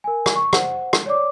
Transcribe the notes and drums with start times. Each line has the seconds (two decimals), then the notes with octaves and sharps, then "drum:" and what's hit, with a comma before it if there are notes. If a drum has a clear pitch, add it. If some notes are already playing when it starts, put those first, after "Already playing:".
0.04 A#4 G#5
0.26 drum: rim click
0.35 C#6
0.53 C5 F#5, drum: rim click
0.93 drum: rim click
1.06 C#5 D5 D6